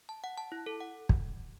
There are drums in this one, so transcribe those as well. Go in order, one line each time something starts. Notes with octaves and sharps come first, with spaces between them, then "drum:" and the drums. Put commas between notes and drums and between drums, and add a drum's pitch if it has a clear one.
A5
F#5
A5
E4
A4
F#5
drum: kick